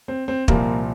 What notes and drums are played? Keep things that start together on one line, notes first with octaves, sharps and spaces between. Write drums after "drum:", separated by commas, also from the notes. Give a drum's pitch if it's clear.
C4
C4
C2 A#2 F3 A#3, drum: kick